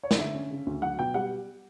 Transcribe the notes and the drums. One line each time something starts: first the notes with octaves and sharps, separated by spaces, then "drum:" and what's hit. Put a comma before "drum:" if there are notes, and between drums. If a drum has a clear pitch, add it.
C#5
D5, drum: snare
D3 E5
C#4
C#3
D2
F#3 F#5
B2 G5
G3 F#5